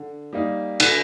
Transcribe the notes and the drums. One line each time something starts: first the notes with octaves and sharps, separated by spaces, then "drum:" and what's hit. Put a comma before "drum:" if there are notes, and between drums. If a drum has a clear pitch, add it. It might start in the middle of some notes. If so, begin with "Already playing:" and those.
Already playing: D3
G3 A#3 D#4
D3, drum: cymbal